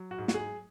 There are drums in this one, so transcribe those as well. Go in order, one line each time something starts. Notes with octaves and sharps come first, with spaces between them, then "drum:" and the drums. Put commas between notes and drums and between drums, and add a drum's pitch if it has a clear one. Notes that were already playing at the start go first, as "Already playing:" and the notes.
Already playing: F#3
F#4
G#2
F#4, drum: snare
G#4